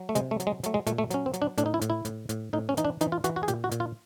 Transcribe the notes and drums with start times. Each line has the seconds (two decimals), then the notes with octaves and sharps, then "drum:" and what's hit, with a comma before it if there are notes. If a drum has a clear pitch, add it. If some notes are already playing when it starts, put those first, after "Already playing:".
Already playing: F#3
0.09 A3
0.15 C3 G#3, drum: hi-hat
0.31 A3
0.40 F#3, drum: hi-hat
0.47 G#3
0.63 F#3 A3, drum: hi-hat
0.74 G#3
0.87 A#2 A3, drum: hi-hat
0.98 A3
1.10 F#3 C#4, drum: hi-hat
1.26 C4
1.34 F#3, drum: hi-hat
1.42 D4
1.58 A2 D4, drum: hi-hat
1.66 D#4
1.74 E4
1.81 A2, drum: hi-hat
1.90 E4
2.05 A2, drum: hi-hat
2.29 A2, drum: hi-hat
2.53 A2 D#4
2.69 C#4
2.77 E3 D#4, drum: hi-hat
2.85 D4
3.01 E3 D#4, drum: hi-hat
3.12 F4
3.24 E3 F#4, drum: hi-hat
3.36 F#4
3.43 G#4
3.48 A#2 G4, drum: hi-hat
3.64 F#4
3.71 A#2, drum: hi-hat
3.80 F4